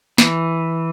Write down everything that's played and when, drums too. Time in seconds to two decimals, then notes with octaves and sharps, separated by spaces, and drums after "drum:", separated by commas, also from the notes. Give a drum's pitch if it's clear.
0.18 E3, drum: snare